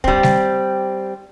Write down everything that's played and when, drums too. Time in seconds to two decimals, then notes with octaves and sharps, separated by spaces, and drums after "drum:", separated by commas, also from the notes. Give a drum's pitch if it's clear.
0.04 G3 C4, drum: kick
0.23 drum: snare G3